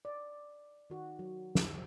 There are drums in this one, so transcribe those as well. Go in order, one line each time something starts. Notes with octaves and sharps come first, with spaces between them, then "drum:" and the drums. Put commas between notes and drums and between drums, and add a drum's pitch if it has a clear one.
D5
D#3 F#4
F#3
drum: snare